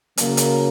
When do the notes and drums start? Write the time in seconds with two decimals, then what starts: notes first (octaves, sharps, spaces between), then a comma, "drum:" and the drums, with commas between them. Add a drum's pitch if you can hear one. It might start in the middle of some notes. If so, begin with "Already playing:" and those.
0.17 C#3 F#3 A#3, drum: hi-hat
0.37 drum: hi-hat